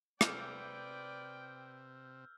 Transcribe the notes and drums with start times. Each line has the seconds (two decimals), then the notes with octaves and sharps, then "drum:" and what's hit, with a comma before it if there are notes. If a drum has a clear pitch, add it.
0.21 C3 B4 D5 G5 E6 F6 G6, drum: rim click